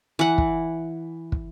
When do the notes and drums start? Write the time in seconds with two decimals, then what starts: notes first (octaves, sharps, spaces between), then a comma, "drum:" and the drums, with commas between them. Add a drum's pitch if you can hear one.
0.19 E3 F#5
0.38 drum: kick
1.32 drum: kick